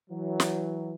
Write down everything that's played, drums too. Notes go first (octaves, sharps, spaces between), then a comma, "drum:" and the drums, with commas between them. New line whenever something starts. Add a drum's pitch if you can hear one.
E3 F#3
drum: snare